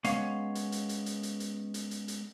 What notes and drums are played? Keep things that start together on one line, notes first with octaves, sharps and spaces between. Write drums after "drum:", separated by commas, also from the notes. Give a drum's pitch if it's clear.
G#3 B3 C#4 C#5 F5, drum: hi-hat
drum: hi-hat
drum: hi-hat
drum: hi-hat
drum: hi-hat
drum: hi-hat
drum: hi-hat
drum: hi-hat
drum: hi-hat
drum: hi-hat